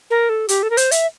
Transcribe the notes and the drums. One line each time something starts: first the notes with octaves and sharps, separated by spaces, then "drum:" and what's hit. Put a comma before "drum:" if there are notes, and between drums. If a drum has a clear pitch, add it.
A#4
A4
G4, drum: hi-hat
A4
A#4
C5, drum: hi-hat
E5, drum: hi-hat